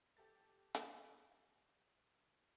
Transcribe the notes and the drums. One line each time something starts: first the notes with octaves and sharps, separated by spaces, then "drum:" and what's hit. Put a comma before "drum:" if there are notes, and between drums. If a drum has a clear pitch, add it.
G4 A4 A6
drum: hi-hat